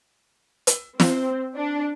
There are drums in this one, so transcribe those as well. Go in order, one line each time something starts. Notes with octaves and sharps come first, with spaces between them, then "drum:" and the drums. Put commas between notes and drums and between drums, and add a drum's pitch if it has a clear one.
drum: hi-hat
C4, drum: snare
D4